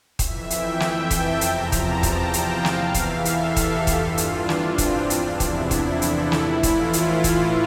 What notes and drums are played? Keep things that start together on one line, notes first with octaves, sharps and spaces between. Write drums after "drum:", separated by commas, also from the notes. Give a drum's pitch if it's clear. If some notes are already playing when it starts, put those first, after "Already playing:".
F2 E3 E5, drum: kick D#1, hi-hat
G5, drum: hi-hat
G5, drum: snare
A5, drum: kick D#1, hi-hat
E2 C3 F3 A#5, drum: hi-hat
A5, drum: kick D#1, hi-hat
G5, drum: kick D#1, hi-hat
F5, drum: hi-hat
E2 E3, drum: snare
E5, drum: kick D#1, hi-hat
A4, drum: hi-hat
G4, drum: kick D#1, hi-hat
G2 E3 F4, drum: kick D#1, hi-hat
D4, drum: hi-hat
C4, drum: snare
D4, drum: kick D#1, hi-hat
E2 C3 F3, drum: hi-hat
E4, drum: kick D#1, hi-hat
drum: kick D#1, hi-hat
A4, drum: hi-hat
A2 E3 E4, drum: snare
F4, drum: kick D#1, hi-hat
drum: hi-hat
drum: kick D#1, hi-hat